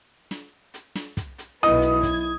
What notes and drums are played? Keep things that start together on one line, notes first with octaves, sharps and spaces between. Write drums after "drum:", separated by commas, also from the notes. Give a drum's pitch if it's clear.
drum: snare
drum: hi-hat
drum: snare
drum: kick, hi-hat
drum: hi-hat
B1 F#3 B3 E4 D#5 D#6
drum: hi-hat
G#6, drum: kick, hi-hat